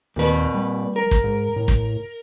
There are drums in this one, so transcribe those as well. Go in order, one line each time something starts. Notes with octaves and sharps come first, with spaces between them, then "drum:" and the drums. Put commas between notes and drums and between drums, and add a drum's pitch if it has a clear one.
D#2 A#2 B4
G3
A#4
drum: kick
G#2
A2
drum: kick